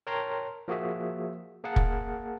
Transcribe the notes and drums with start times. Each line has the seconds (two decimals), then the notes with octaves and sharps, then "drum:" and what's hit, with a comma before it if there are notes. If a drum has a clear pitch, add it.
0.07 A#4 C#5 G5 A5 A#5 C6
0.68 F3 A#3 F#4 G#4 E5
1.64 A#3 G#4 A#4 F5 F#5 A5
1.76 drum: kick